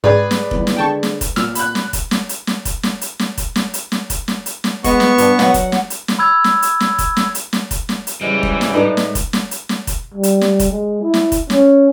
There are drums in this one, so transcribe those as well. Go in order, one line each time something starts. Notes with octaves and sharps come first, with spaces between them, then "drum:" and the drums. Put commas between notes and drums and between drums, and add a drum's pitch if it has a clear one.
G#2 G#4 B4 D5 G5
drum: snare
G1 E3 B3, drum: kick F1
drum: snare
D3 G#3 G5 A5 C#6
drum: snare
drum: kick F1, hi-hat
A#2 E6 F6, drum: snare
B5 F#6, drum: hi-hat
drum: snare
drum: kick F1, hi-hat
drum: snare
drum: hi-hat
drum: snare
drum: kick F1, hi-hat
drum: snare
drum: hi-hat
drum: snare
drum: kick F1, hi-hat
drum: snare
drum: hi-hat
drum: snare
drum: kick F1, hi-hat
drum: snare
drum: hi-hat
drum: snare
G#3 B3 C#6, drum: kick F1, hi-hat
drum: snare
G2, drum: hi-hat
F#3 F#5, drum: snare
drum: kick F1, hi-hat
drum: snare
drum: hi-hat
drum: snare
B5 E6 G#6
drum: snare
drum: hi-hat
drum: snare
drum: kick F1, hi-hat
drum: snare
drum: hi-hat
drum: snare
drum: kick F1, hi-hat
drum: snare
drum: hi-hat
G#2 C#3 E3 G3 G#3
drum: kick F1
drum: snare
A2 G#3 D#4 A4 B4 D5
drum: snare
drum: kick F1, hi-hat
drum: snare
drum: hi-hat
drum: snare
drum: kick F1, hi-hat
G3
drum: hi-hat
drum: snare
drum: kick F1, hi-hat
G#3
E4
drum: snare
drum: kick F1, hi-hat
C#4, drum: snare